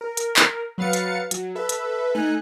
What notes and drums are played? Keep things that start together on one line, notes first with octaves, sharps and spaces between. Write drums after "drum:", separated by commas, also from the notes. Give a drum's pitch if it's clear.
A#4
drum: hi-hat
drum: clap
F#3 B4 F5 A6 C#7
drum: hi-hat
F#3, drum: hi-hat
A4 B4 E5
drum: hi-hat
A3 D#4 G#5 F#6